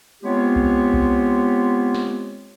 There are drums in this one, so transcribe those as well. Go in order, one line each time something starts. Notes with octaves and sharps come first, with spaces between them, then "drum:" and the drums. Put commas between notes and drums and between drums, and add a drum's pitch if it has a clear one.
G#3 B3 C4 F4 G4 C#5
drum: kick B1
drum: kick B1
drum: snare